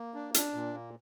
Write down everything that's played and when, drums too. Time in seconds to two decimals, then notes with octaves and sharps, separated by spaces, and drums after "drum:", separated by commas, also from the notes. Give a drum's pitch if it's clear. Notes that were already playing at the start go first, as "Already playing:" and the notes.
Already playing: A#3
0.14 D4
0.34 D4, drum: hi-hat
0.54 A#2
0.74 A#3